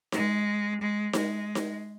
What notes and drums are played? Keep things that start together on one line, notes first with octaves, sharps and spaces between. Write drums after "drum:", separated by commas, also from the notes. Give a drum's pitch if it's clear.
G#3, drum: snare D#4
G#3
G#3, drum: snare D#4
drum: snare D#4